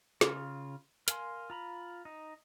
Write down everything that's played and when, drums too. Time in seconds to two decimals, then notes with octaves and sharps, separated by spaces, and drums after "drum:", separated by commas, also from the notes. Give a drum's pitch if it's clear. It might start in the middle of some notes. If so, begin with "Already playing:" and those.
0.21 C#3 F4, drum: snare
1.08 A#4 F5 G#5 C6, drum: hi-hat
1.50 F4 A#5 B5
2.05 D#4